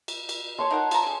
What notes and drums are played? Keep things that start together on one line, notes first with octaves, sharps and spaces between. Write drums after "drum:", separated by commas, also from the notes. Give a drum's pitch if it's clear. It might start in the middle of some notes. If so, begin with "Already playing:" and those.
drum: cymbal
drum: cymbal
C#5 A5 C6
D#4 A#4 F#5
F4 A#5, drum: cymbal
D3 G#4